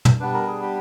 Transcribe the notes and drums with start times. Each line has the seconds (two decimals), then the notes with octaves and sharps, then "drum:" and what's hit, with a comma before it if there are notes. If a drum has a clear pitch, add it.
0.05 drum: tom
0.20 G3 B3 D4 B4
0.34 A#4
0.48 G#4
0.62 G4